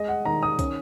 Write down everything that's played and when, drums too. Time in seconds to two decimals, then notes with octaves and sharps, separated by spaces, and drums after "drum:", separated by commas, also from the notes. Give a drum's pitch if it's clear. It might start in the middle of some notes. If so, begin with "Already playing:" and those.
Already playing: G#3 D#5
0.08 F#5
0.25 D#3 A#5
0.43 D#6
0.59 C#4, drum: kick, hi-hat